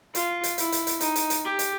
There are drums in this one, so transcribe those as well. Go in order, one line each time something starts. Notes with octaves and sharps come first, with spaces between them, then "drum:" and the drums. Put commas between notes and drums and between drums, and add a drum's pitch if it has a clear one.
F4, drum: hi-hat
drum: hi-hat
E4, drum: hi-hat
drum: hi-hat
drum: hi-hat
D#4, drum: hi-hat
drum: hi-hat
drum: hi-hat
G4
drum: hi-hat